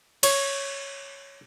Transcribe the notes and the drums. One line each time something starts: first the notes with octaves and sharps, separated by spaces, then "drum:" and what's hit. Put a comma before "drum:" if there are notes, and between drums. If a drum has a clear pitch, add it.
C#5, drum: cymbal